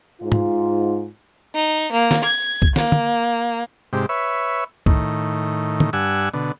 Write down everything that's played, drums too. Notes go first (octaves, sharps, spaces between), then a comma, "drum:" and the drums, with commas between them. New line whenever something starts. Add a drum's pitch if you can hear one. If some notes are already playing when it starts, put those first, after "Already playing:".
G#2 F4
drum: tom G#2
D#4
A#3
drum: snare
G#6
drum: kick
A#3, drum: snare
drum: tom
G#2 C3 G4
B4 C#5 E5
A2 D#3, drum: kick
drum: tom
G2 D4 F#5 G#5 E6
B2 D3